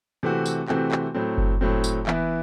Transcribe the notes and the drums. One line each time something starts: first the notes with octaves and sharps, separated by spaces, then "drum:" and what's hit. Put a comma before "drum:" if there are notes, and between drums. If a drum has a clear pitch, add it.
C3 E3 A3 C4 F#4
drum: tambourine
C3 E3 A3 C4 F#4, drum: clap
drum: clap
A2 F#3 A3 C4
drum: kick F#1
A2 F#3 A3 C4
drum: tambourine
E3 B3 E4 B4, drum: clap